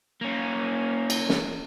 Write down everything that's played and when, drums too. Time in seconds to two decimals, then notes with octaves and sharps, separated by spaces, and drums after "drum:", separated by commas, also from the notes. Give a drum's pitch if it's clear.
0.21 A#3 C#4
1.10 drum: cymbal
1.29 drum: snare